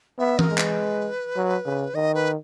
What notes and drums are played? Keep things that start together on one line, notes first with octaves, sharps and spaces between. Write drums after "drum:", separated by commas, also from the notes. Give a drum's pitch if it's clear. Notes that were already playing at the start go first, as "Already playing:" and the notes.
B3 E5
A#4, drum: tom E3
G#3
B4, drum: clap
F#3
C#3
D#3 D#5
B4